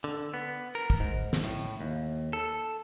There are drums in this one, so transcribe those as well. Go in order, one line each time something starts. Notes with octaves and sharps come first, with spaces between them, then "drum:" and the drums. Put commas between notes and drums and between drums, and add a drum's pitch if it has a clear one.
D3
B3
A#4
drum: kick
G#2
drum: snare
A2
D#2
A4